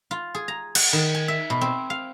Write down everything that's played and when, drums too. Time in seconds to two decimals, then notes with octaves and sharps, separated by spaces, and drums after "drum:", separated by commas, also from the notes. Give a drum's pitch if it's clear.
0.11 F4
0.35 G#4
0.48 A#5
0.75 F#5, drum: cymbal
0.93 D#3
1.15 G#5
1.28 E5
1.50 B2
1.61 C4
1.90 F5